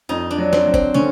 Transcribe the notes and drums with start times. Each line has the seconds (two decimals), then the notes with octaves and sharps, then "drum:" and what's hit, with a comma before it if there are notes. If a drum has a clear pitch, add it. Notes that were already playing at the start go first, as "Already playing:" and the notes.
0.09 F2 D#4
0.31 D4
0.38 F#3
0.53 C4, drum: snare
0.66 F#3
0.74 C4, drum: kick
0.94 D3 C#4